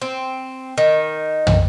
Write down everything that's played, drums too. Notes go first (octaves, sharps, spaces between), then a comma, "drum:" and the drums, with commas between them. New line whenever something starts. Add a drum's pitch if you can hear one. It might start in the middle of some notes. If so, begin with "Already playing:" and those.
C4
D#3
drum: tom